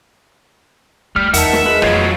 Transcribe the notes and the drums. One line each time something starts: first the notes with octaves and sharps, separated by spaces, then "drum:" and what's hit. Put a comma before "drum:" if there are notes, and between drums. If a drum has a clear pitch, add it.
G3 A3 F6
E2 D#3 E5 F#5 A5, drum: hi-hat
drum: snare
G#3 B4
F2 F#3 A3 B3 F4 C#5, drum: rim click